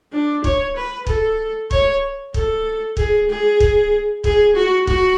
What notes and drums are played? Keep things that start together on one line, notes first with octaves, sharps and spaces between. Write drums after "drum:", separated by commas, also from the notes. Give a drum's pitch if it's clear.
D4
C#5, drum: kick
B4
A4, drum: kick
C#5, drum: kick
A4, drum: kick
G#4, drum: kick
G#4
drum: kick
G#4, drum: kick
F#4
F#4, drum: kick